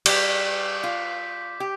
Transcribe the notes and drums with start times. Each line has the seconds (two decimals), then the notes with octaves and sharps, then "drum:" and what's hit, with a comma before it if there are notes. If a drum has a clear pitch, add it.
0.06 G3 D6 G6 B6, drum: cymbal
0.83 F4
1.60 G4 G6